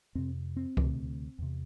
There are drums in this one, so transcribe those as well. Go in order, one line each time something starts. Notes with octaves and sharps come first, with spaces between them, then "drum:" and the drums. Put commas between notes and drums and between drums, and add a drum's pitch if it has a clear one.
F2 C3 C4
C4
D2 C3, drum: kick C#2
E2 C3